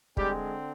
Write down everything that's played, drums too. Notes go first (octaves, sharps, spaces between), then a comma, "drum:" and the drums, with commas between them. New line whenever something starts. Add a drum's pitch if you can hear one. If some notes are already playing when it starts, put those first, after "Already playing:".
D3 G3 G#3 C4 G4, drum: kick